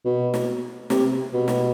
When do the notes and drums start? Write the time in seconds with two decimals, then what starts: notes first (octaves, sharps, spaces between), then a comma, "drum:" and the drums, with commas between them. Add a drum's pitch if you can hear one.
0.05 B2
0.34 drum: snare
0.90 C3, drum: snare
1.34 B2
1.48 drum: snare